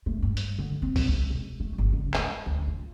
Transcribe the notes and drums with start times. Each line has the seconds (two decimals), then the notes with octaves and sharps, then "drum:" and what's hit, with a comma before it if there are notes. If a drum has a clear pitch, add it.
0.06 A3
0.22 G2
0.37 drum: hi-hat
0.59 D3
0.82 C4
0.96 drum: kick A#1, open hi-hat
1.08 C#2
1.30 E1
1.60 A3
1.78 G1
1.93 C#2
2.14 D4, drum: clap
2.46 D2
2.67 F4